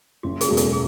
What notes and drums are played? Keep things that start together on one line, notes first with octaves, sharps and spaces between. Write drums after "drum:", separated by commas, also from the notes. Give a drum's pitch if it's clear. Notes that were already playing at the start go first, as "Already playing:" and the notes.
F#1 F#4
G#4, drum: hi-hat
E2 B2 G#3
A4, drum: hi-hat
G#4